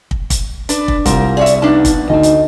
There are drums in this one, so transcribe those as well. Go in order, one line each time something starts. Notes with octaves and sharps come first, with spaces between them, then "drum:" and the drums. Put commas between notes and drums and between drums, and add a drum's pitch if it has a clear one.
drum: kick
drum: kick, hi-hat
D4 B4, drum: hi-hat
drum: kick
C2 F4 A#4 C5, drum: kick, hi-hat
G#4 C#5 D5 E5
drum: hi-hat
F3 B3 D4 D#4 B4 A5
drum: kick, hi-hat
D2 D#4 D#5 A5
drum: hi-hat